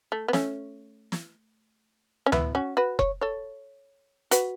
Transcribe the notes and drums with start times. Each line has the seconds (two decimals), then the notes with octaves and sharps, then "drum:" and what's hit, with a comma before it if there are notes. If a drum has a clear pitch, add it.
0.12 A3
0.28 B3
0.33 A3 C#4, drum: snare
1.12 drum: snare
2.26 C#4
2.32 B3 E4, drum: tom D2
2.55 C#4 F#4
2.77 F#4 B4
2.99 C#5, drum: kick F1
3.21 A4 C#5
4.31 F#4 B4, drum: hi-hat